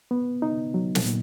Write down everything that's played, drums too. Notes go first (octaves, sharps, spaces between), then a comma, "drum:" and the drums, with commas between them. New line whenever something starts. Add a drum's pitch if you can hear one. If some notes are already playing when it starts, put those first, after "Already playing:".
B3
D#4
F#3
drum: snare
A#2